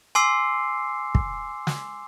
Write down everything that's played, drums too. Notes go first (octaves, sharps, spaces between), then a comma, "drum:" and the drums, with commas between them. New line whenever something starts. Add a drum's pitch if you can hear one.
G#5 C6 D6 E6 C7
drum: kick
drum: snare